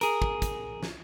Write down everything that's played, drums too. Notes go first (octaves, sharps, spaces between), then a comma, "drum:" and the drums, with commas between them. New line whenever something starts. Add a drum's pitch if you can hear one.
G#4 A#4, drum: hi-hat
drum: kick
drum: kick, hi-hat
drum: snare